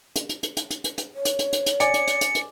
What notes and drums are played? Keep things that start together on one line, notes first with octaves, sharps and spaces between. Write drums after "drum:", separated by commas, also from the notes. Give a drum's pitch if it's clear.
drum: hi-hat
drum: hi-hat
drum: hi-hat
drum: hi-hat
drum: hi-hat
drum: hi-hat
drum: hi-hat
C#5
drum: hi-hat
drum: hi-hat
drum: hi-hat
drum: hi-hat
D5 G#5 D6 C#7, drum: hi-hat
drum: hi-hat
drum: hi-hat
drum: hi-hat
drum: hi-hat